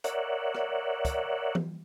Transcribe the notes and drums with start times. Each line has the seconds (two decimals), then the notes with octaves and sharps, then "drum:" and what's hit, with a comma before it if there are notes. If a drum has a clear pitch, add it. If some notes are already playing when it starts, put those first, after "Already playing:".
0.04 A#4 C#5 D5 E5 F#5, drum: hi-hat
0.55 drum: rim click
1.05 drum: kick, hi-hat
1.55 drum: tom E3